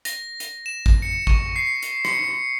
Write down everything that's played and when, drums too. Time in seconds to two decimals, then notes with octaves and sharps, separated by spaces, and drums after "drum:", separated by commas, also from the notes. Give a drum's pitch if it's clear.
0.05 A#6, drum: hi-hat
0.40 drum: hi-hat
0.66 E7
0.86 drum: kick
1.02 C#7
1.27 C#6, drum: kick
1.56 C7
1.83 drum: hi-hat
2.05 C#7, drum: rim click